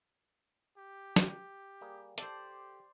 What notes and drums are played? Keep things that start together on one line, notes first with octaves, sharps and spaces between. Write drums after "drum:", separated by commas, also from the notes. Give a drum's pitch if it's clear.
G4
drum: snare
G3 A#3 G#4
G4 A4 C5 D5, drum: hi-hat